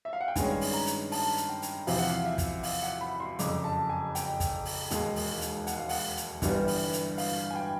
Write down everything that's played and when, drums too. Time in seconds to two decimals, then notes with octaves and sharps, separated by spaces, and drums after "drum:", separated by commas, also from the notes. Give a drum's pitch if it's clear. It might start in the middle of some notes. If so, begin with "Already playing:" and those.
0.05 E5
0.13 F5
0.21 F#5
0.28 G5
0.36 G2 D#3 G#3 C#4 G#5, drum: kick, hi-hat
0.61 drum: open hi-hat
0.73 A#5
0.86 drum: hi-hat
1.12 A5, drum: open hi-hat
1.37 drum: hi-hat
1.49 G5
1.62 drum: hi-hat
1.87 E2 C3 F3 F5, drum: open hi-hat
1.98 F#5
2.10 F5
2.25 E5
2.38 drum: kick, hi-hat
2.63 F5, drum: open hi-hat
2.83 F#5
3.01 B5
3.20 C6
3.39 F#1 F2 C#3 D6, drum: hi-hat
3.64 A5
3.89 G#5
4.15 G5, drum: hi-hat
4.40 drum: kick, hi-hat
4.65 drum: open hi-hat
4.91 E1 D#2 D#3 G#3, drum: hi-hat
5.16 drum: open hi-hat
5.41 drum: hi-hat
5.67 F#5, drum: hi-hat
5.77 F5
5.89 F#5, drum: open hi-hat
6.17 drum: hi-hat
6.42 G1 G2 E3 G3 B3, drum: kick, hi-hat
6.67 drum: open hi-hat
6.93 drum: hi-hat
7.18 F5, drum: open hi-hat
7.50 G#5
7.56 G5